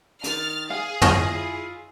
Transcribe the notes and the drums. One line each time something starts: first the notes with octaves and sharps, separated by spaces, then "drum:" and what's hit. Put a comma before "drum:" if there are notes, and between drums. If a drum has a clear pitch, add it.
D#3 F6 A6, drum: hi-hat
G#4 F5
C#4 E4 F4 D#5, drum: tom